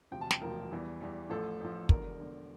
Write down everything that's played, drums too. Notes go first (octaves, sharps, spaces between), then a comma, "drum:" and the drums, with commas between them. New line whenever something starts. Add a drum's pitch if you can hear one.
E1 D2 C3 F3 G5
A5
G5, drum: snare
E1 D2 C3 F3 A#4
E2 E3 G3
E2 E3 G3
A1 A2 F3 A4
A1 A2 F3
E1 E2 D3 A#4, drum: kick
E1 E2 D3